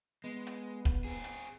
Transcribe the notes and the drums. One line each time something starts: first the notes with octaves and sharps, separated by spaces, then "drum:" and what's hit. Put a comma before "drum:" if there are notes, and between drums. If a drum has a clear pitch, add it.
G#3 B3
drum: hi-hat
drum: kick, hi-hat
C4 G#4
drum: hi-hat